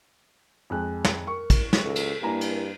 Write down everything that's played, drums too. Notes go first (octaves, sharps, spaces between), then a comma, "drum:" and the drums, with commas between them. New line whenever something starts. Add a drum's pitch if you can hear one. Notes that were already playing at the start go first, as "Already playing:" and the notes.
F2 G#3 F#6
drum: snare
A#4 C#6
drum: kick, cymbal
drum: snare
C#2 A4
drum: cymbal
G2 A#3 E4 G#5 A#5
drum: cymbal